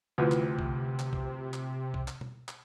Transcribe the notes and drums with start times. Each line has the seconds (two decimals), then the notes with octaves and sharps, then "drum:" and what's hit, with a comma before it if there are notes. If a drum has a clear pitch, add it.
0.18 D2 C3 E3 F3
0.32 drum: clap
0.59 drum: kick B1
0.99 drum: clap
1.13 drum: kick B1
1.53 drum: clap
1.94 drum: kick B1
2.08 drum: clap
2.21 drum: tom B2
2.48 drum: clap